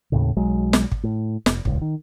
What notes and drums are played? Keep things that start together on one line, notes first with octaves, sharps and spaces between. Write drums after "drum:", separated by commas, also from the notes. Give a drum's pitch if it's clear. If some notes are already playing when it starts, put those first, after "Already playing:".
D#2 A2 C#3
B1 F#3 G#3
drum: snare
drum: kick
A2
F1, drum: snare
D#1 C#2, drum: kick
D#3